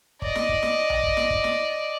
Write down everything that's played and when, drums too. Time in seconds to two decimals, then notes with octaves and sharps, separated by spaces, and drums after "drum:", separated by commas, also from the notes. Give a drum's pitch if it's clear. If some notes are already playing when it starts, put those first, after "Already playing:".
0.22 D5 D#5, drum: kick
0.35 drum: snare
0.49 drum: kick
0.63 drum: snare
0.90 drum: tom B1
1.03 drum: kick
1.17 drum: snare
1.30 drum: kick
1.44 drum: snare